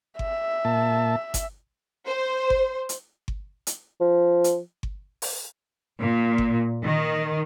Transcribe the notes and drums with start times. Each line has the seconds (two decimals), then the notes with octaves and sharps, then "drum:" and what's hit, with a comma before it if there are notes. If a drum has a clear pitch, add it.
0.19 E5, drum: kick G1
0.65 A#2 A5
1.34 drum: kick G1, hi-hat
2.06 C5
2.50 drum: kick G1
2.89 drum: hi-hat
3.28 drum: kick G1
3.67 drum: hi-hat
4.00 F3
4.44 drum: hi-hat
4.83 drum: kick G1
5.22 drum: open hi-hat
5.99 A#2
6.38 drum: kick G1
6.84 D#3